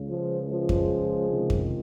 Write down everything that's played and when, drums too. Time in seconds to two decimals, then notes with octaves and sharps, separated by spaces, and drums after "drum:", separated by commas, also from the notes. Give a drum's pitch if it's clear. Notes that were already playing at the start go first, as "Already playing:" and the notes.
Already playing: C#2 C#3
0.08 F3 G#3
0.49 F3 G#3
0.69 drum: kick F2
1.30 C#2 C3 D#3
1.50 drum: kick F2